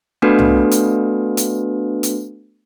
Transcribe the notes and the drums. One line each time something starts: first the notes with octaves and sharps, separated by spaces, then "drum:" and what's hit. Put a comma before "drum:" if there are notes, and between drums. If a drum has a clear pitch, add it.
A3 B3 D4 F#4 A4 B4
drum: tom C2
drum: hi-hat
drum: hi-hat
drum: hi-hat